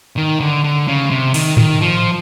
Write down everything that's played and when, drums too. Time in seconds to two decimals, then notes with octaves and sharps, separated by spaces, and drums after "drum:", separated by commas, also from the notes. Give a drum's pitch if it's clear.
0.17 D#3
0.40 D3
0.64 D3
0.88 C#3
1.10 C3
1.34 D#3, drum: open hi-hat
1.57 D#3, drum: tom G#2
1.81 F3